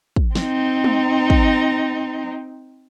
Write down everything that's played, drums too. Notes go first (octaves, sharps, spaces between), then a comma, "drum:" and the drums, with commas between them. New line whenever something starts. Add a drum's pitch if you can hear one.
drum: kick
C4 D#4, drum: snare
drum: tom G#3
drum: kick